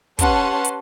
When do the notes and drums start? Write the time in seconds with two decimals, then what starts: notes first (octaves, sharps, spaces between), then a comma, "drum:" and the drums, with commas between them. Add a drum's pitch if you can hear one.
0.19 C#4 G4 B4 F#5 A5 C6, drum: kick, hi-hat
0.64 drum: hi-hat